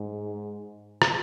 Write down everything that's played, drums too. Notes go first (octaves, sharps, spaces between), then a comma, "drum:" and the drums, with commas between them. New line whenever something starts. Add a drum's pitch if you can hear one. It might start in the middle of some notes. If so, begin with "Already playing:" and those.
Already playing: G#2
drum: rim click